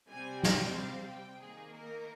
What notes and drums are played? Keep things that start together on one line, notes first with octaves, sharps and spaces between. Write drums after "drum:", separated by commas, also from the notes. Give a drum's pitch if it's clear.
C3 G3 C4 G#5
G5, drum: snare
F5
G5
D#3 A#3 D#4 G#4
A#4